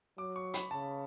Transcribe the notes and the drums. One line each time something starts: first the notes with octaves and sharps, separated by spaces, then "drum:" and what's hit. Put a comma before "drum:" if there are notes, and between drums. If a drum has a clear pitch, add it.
F#3 D6
C#6
B5, drum: hi-hat
C#3 A5